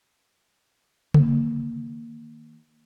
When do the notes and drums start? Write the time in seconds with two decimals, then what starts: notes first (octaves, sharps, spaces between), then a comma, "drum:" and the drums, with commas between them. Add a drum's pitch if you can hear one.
1.14 D#3 A#3, drum: tom C#3